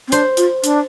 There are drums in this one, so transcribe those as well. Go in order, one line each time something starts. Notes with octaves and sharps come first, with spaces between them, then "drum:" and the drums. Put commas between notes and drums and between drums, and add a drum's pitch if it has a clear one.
C4
D4 C5, drum: hi-hat
F4, drum: hi-hat
D4, drum: hi-hat